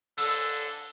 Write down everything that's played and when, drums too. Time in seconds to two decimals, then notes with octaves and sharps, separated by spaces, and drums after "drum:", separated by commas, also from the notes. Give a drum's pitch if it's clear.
0.18 D3 E6, drum: open hi-hat